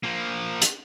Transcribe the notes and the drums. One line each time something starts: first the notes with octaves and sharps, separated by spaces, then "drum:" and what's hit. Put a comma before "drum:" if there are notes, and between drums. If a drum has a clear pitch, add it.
F3 A#3
drum: hi-hat